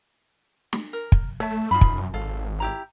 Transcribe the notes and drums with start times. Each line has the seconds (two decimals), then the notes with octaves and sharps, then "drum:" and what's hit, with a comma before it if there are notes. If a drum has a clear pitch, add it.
0.73 drum: snare
0.93 A#4
1.12 drum: kick
1.40 A3 C#5 E5 A5
1.71 F#2 D#4 F4 B5
1.81 drum: kick
2.14 G#1 A4 F5
2.60 E4 G4 A#5